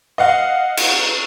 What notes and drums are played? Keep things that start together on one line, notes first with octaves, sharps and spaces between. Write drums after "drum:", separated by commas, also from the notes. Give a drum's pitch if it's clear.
D#5 F5 F#5
drum: cymbal